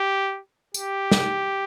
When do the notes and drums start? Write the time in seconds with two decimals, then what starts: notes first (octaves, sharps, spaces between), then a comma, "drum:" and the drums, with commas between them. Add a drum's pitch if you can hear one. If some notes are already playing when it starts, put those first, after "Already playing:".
Already playing: G4
0.74 G4, drum: tambourine
1.11 drum: snare